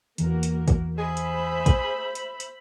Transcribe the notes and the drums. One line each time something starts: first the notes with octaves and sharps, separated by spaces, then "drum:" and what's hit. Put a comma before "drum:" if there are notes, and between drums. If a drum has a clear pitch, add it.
E2 E3 A#3 F#4 A#4, drum: hi-hat
drum: hi-hat
drum: kick, hi-hat
G#4 C5 E5 B5
drum: hi-hat
drum: kick, hi-hat
drum: hi-hat
drum: hi-hat